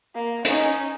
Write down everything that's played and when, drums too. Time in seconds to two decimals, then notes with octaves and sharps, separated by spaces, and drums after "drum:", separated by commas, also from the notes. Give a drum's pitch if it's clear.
0.14 A#3
0.45 C#4 D#4, drum: hi-hat